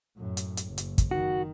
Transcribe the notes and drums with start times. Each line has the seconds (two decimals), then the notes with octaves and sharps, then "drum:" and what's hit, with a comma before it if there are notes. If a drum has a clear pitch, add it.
0.17 F#2 A2
0.37 drum: hi-hat
0.57 drum: hi-hat
0.67 F#1
0.78 drum: hi-hat
0.98 drum: kick, hi-hat
1.11 D#3 F#4